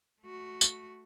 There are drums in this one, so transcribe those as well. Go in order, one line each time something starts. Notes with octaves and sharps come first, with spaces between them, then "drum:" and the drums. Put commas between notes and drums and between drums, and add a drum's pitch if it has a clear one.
A3 F#4
drum: tambourine